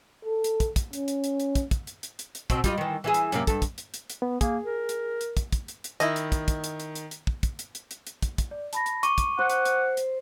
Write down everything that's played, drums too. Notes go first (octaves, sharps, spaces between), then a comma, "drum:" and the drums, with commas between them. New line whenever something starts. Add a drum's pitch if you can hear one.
A4
drum: hi-hat
drum: kick, hi-hat
drum: kick, hi-hat
C#4, drum: hi-hat
drum: hi-hat
drum: hi-hat
drum: hi-hat
drum: kick, hi-hat
drum: kick, hi-hat
drum: hi-hat
drum: hi-hat
drum: hi-hat
drum: hi-hat
B2 C4, drum: kick, hi-hat
G3 F4 D#5, drum: kick, hi-hat
D#3 E3
E3 E4 G#4
drum: hi-hat
F#2 C3 A#3, drum: hi-hat
G2 A4, drum: kick, hi-hat
drum: kick, hi-hat
drum: hi-hat
drum: hi-hat
drum: hi-hat
B3
A#3 G#4, drum: kick, hi-hat
A#4
drum: hi-hat
drum: hi-hat
drum: kick, hi-hat
drum: kick, hi-hat
drum: hi-hat
drum: hi-hat
D#3 E4 D#5, drum: hi-hat
drum: hi-hat
drum: kick, hi-hat
drum: kick, hi-hat
drum: hi-hat
drum: hi-hat
drum: hi-hat
drum: hi-hat
drum: kick
drum: kick, hi-hat
drum: hi-hat
drum: hi-hat
drum: hi-hat
drum: hi-hat
drum: kick, hi-hat
drum: kick, hi-hat
D5
A5 B5 A#6, drum: hi-hat
drum: hi-hat
C#6 D6 D#7, drum: hi-hat
drum: kick, hi-hat
C5 F#5
drum: hi-hat
drum: hi-hat
drum: hi-hat